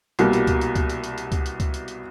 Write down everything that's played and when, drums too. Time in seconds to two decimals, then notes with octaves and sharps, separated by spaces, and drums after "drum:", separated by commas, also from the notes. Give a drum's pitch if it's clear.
0.19 C2 B2 G3 A#3, drum: hi-hat
0.33 drum: hi-hat
0.47 drum: kick C#2, hi-hat
0.61 drum: hi-hat
0.75 drum: kick C#2, hi-hat
0.90 drum: hi-hat
1.04 drum: hi-hat
1.18 drum: hi-hat
1.32 drum: kick C#2, hi-hat
1.46 drum: hi-hat
1.60 drum: kick C#2, hi-hat
1.74 drum: hi-hat
1.88 drum: hi-hat